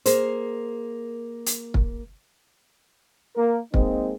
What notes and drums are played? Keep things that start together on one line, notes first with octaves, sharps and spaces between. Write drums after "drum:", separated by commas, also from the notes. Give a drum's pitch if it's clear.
A#3 G#4 A#4 C5, drum: hi-hat
drum: hi-hat
drum: kick
A#3 A#4
G#3 A#3 C4 D#4, drum: kick